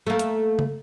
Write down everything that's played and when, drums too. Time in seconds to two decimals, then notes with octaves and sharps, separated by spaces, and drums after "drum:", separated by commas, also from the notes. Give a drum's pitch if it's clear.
0.07 A3 A#3
0.19 drum: hi-hat
0.59 drum: tom C#3